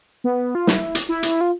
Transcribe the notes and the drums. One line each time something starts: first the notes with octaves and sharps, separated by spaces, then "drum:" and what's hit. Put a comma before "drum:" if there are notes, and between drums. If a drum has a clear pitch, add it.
B3
F4
E4, drum: snare
drum: hi-hat
E4
drum: hi-hat
F4